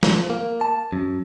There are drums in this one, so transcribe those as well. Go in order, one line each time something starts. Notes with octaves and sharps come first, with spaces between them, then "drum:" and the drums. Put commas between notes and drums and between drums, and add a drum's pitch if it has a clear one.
F3, drum: snare
A#3
A5
F#2